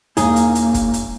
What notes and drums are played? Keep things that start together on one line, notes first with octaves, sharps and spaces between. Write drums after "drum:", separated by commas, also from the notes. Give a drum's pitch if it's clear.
E1 A#3 D#4 G#4, drum: hi-hat
drum: hi-hat
drum: hi-hat
drum: kick, hi-hat
drum: hi-hat